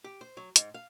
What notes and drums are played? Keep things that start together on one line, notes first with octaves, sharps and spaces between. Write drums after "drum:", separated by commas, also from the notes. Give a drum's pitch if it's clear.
G4
C5
F#3
G#2, drum: hi-hat
F5